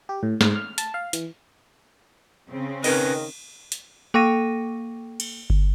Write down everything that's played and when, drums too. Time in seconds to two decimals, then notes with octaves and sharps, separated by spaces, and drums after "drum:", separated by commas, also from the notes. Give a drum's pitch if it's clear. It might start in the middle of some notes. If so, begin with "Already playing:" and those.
0.09 G4
0.23 A2
0.41 G#2, drum: snare
0.56 F6
0.78 A5, drum: hi-hat
0.94 F5
1.13 E3, drum: hi-hat
2.50 C#3 C4
2.84 D#3 C#4 A#4 B4 D#5, drum: cymbal
3.72 drum: hi-hat
4.14 A#3 A4 G5 C#6 A#6 D#7
5.20 drum: cymbal
5.50 drum: kick G1